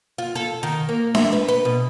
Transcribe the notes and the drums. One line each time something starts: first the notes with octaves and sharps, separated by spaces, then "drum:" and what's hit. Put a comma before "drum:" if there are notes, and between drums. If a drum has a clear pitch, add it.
F4
A4
D#3
A#3
E5, drum: snare D4
B4
B4
B2